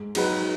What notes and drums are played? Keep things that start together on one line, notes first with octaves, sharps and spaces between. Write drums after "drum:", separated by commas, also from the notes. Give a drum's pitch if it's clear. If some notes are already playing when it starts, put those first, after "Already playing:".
Already playing: G#2
F#3 D#4 F#4 B4, drum: cymbal